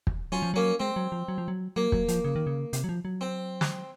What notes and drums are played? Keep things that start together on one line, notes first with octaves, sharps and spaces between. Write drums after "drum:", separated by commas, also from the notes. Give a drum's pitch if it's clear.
drum: kick
F#3 C#4 F4
F3
F#3 A#3 C#4
G#3 C4
F#3
F3
F#3
F3
F#3
F#3 A#3
F#3, drum: kick
F3, drum: hi-hat
C#3
D#3
C#3
C3, drum: hi-hat
F#3
F3
F#3
C4
drum: snare